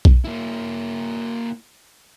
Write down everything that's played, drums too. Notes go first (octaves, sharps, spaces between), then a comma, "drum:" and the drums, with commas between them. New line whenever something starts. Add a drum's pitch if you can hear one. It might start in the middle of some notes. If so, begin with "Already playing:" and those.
drum: kick B1
A#3 E4